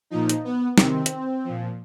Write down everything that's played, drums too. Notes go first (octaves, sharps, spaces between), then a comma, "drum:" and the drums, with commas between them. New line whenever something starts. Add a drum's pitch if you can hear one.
A#2 F3 D#4
drum: hi-hat
B3
C3 D#3 C4, drum: snare
drum: hi-hat
A#2 F3